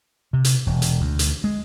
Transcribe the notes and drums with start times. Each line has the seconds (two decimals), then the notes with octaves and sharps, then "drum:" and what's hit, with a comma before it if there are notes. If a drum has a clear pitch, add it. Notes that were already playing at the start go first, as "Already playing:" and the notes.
0.33 C3
0.44 drum: hi-hat
0.67 E1
0.82 drum: hi-hat
1.00 D2
1.19 drum: hi-hat
1.44 G#3